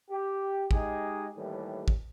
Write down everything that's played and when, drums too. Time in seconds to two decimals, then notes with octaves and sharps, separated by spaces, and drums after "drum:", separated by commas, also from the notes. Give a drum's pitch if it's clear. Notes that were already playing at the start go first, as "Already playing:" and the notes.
0.10 G4
0.71 G#3 D#4 G4 G#4, drum: kick G#1
1.36 D#2 A2 E3 G3
1.88 drum: kick G#1